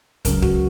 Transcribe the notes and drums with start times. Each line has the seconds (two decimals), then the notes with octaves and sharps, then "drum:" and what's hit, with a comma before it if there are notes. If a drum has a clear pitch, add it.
0.25 C#2 C#3 F#3 A#4, drum: kick, hi-hat
0.42 F#4, drum: kick